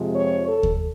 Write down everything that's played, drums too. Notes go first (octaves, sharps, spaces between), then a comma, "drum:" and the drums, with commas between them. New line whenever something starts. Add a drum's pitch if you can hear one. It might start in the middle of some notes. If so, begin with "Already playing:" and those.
Already playing: F2 C3 F3 G#3
C#5
A4
drum: kick D#2